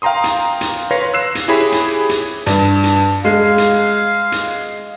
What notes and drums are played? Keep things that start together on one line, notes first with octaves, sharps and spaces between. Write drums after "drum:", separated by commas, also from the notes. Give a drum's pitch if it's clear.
F5 G5 A#5 C6 D#6
drum: hi-hat
drum: hi-hat
B4 C#5 F5 C6 A#6
E6 F#6 C7 E7
drum: hi-hat
E4 G4 G#4 C#5 B5
drum: hi-hat
drum: hi-hat
G2, drum: hi-hat
drum: hi-hat
G#3 F5
drum: hi-hat
drum: hi-hat